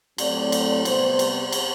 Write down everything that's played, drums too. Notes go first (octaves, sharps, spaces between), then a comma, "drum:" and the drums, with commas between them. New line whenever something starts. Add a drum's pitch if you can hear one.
A2 F#3 A3 C4 D5, drum: cymbal
drum: cymbal
C3 G3 B3 C5, drum: cymbal
drum: cymbal
drum: cymbal